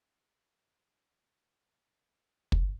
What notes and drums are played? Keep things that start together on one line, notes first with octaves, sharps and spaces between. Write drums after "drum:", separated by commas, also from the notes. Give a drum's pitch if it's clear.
E4 B4
G#3 D#4 G#4 A#4
drum: kick